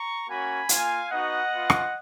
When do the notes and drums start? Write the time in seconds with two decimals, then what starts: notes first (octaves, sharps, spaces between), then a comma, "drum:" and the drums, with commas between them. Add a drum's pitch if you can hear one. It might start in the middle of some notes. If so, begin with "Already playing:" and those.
Already playing: A#5 C#6
0.28 A#3 C#4 F#4 G#5 B5
0.69 A#3 F4 F5 G#5, drum: hi-hat
1.10 B3 D#4 F#4 D#5 F#5
1.51 B3 F4
1.70 drum: rim click